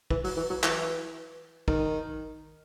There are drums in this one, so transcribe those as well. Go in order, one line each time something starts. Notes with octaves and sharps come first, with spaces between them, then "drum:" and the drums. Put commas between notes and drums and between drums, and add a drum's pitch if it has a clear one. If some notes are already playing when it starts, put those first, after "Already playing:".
E3, drum: kick
F#3, drum: open hi-hat
E3
F#3
E3, drum: clap
D#3, drum: kick